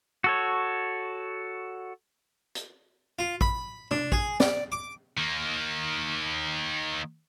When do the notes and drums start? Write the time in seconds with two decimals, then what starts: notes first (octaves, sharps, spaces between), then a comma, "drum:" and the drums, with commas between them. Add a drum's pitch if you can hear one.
0.24 F#4 A4 C#5
2.55 drum: hi-hat
3.19 F4
3.41 B5, drum: kick
3.91 D4, drum: tom
4.12 G#4, drum: kick
4.40 D5, drum: snare
4.72 D6
5.18 D#3 A#3